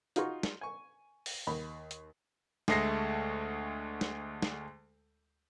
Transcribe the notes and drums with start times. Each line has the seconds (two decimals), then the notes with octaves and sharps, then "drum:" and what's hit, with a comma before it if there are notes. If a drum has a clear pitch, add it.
0.16 D#4 F4 F#4 G#4 C6 C#6, drum: hi-hat
0.43 drum: snare
0.61 G#5 C#6
1.26 drum: open hi-hat
1.47 D#2 B5
1.91 drum: hi-hat
2.68 D2 G#3 A3 A#6 C7, drum: snare
4.01 drum: snare
4.42 drum: snare